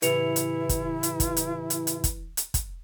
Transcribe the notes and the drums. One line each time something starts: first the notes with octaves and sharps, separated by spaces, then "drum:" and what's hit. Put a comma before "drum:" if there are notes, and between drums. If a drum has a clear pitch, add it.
A2 C#3 E3 E4 G4 B4 C#7 F7, drum: hi-hat
drum: hi-hat
drum: kick, hi-hat
drum: hi-hat
drum: kick, hi-hat
drum: hi-hat
drum: hi-hat
drum: hi-hat
drum: kick, hi-hat
drum: hi-hat
drum: kick, hi-hat